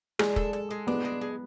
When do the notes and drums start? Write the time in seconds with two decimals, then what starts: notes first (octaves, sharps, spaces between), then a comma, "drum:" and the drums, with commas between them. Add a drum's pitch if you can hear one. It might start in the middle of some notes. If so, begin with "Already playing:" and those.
0.19 G#3 D4, drum: rim click
0.36 A4, drum: kick
0.53 A4
0.71 G#3
0.87 B3 D4
1.05 G#3
1.21 G#3